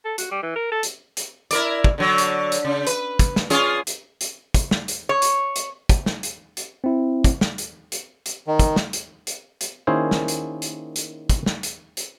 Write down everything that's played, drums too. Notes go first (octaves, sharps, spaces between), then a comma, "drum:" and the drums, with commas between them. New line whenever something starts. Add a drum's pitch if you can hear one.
A4
F#4, drum: hi-hat
G3
E3
A#4
A4
drum: hi-hat
drum: hi-hat
E4 A#4 D5, drum: hi-hat
drum: kick
D3 F#3
drum: hi-hat
drum: hi-hat
C#3
B4, drum: hi-hat
drum: kick, hi-hat
drum: snare
C#4 F4 G#4, drum: hi-hat
drum: hi-hat
drum: hi-hat
drum: kick, hi-hat
drum: snare
drum: hi-hat
C#5
drum: hi-hat
drum: hi-hat
drum: kick, hi-hat
drum: snare
drum: hi-hat
drum: hi-hat
C4 E4
drum: kick, hi-hat
drum: snare
drum: hi-hat
drum: hi-hat
drum: hi-hat
D#3
drum: kick, hi-hat
drum: snare
drum: hi-hat
drum: hi-hat
drum: hi-hat
D#3 A#3 C#4 E4 G#4 C5
drum: snare
drum: hi-hat
drum: hi-hat
drum: hi-hat
drum: kick, hi-hat
drum: snare
drum: hi-hat
drum: hi-hat